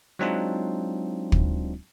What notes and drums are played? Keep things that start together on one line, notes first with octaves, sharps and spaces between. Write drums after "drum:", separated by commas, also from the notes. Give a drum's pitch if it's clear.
F#3 G#3 C4 D4 D#4 F4
drum: kick